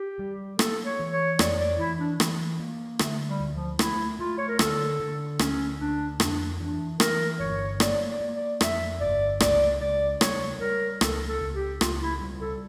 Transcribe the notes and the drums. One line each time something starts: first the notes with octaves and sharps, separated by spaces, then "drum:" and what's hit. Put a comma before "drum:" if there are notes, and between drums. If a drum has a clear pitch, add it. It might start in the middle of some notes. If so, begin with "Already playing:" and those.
Already playing: G4
G3
A#3 A4, drum: rim click
C#5
E3
C#5
F2 D5, drum: rim click
D5
E3 E4
D4
E3, drum: rim click
A#3
D3 A3, drum: rim click
G3
D2
F3
A3 E4, drum: rim click
A3 F4
C#5
A#4
D3 A4, drum: rim click
D3
D2 C#4, drum: rim click
D2 D4
F2 D4, drum: rim click
E3 D4
E3 A#4, drum: rim click
G1 C#5
A#3 D5, drum: rim click
D5
A#3
D5
F2 E5, drum: rim click
G1 D5
C#2 D5, drum: rim click
C#3 D5
G3 C#5, drum: rim click
G3 A#4
C#2 A4, drum: rim click
A4
C#2
G4
C#2 F4, drum: rim click
E4
G3
A4